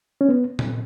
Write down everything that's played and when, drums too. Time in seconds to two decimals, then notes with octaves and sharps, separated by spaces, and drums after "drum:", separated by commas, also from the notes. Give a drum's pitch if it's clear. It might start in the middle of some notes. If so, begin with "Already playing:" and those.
0.21 C#4
0.29 B3
0.59 drum: tom A#2